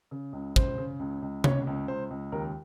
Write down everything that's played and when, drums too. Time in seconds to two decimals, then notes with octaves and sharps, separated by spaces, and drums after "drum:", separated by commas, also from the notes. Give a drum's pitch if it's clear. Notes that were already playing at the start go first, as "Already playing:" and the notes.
0.11 C#3
0.33 C#2
0.56 C#3 C5, drum: kick
0.78 C#3
0.99 C#2
1.22 C#2
1.44 C#3 C#5, drum: tom C3
1.67 C#2
1.88 C#2 C5
2.10 C#2
2.32 D#2 A#4